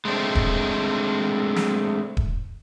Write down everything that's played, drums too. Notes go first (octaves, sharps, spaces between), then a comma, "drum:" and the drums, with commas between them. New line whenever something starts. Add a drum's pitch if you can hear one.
G#3 A3 C4 D4
drum: kick D#1
drum: snare
drum: kick D#1